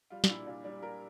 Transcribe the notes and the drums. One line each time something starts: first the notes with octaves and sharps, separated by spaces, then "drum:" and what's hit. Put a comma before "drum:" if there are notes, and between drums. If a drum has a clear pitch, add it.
G3 F4
D4, drum: snare
A#2 E4
A#2 D4
G3 D4
G3 A#4